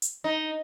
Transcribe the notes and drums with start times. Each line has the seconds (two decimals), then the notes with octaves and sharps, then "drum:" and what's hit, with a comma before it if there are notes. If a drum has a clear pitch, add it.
0.02 drum: hi-hat
0.24 D#4